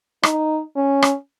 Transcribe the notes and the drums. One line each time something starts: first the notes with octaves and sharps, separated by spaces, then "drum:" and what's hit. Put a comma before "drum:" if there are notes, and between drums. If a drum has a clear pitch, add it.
D#4, drum: rim click
C#4
drum: rim click